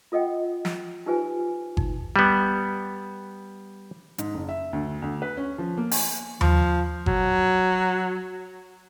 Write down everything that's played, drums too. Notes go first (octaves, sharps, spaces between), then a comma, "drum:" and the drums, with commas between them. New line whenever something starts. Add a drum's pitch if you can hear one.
F4 A4 D#5 F#5 G5
drum: snare
D#4 F4 G4 B4 C5 G#5
D#4, drum: kick G1
G3 B3
G#2, drum: hi-hat
F#1
E5
D2
D2
B4
C#4
F3
A#3
G#5, drum: open hi-hat
F3, drum: tom D#2
F#3, drum: kick G1